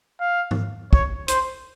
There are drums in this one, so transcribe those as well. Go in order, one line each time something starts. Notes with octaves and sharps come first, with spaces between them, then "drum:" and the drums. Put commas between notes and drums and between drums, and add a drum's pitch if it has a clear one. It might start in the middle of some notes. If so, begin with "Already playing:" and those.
F5
drum: tom G#2
C#5, drum: kick
C5, drum: hi-hat